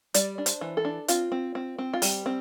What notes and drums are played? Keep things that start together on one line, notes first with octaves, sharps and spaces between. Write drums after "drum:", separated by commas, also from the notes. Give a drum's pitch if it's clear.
G3 D5, drum: hi-hat
D4
C5, drum: hi-hat
E3
A4
D4
C4 F4, drum: hi-hat
C4
C4
C4
F4
G3 G4, drum: open hi-hat
C4